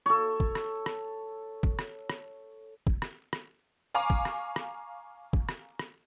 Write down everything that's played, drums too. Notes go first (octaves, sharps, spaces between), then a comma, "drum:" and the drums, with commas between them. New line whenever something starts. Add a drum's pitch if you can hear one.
A4 C#5
drum: kick
drum: rim click
drum: rim click
drum: kick
drum: rim click
drum: rim click
drum: kick
drum: rim click
drum: rim click
F5 G#5 A#5 C#6 D6 F7
drum: kick
drum: rim click
drum: rim click
drum: kick
drum: rim click
drum: rim click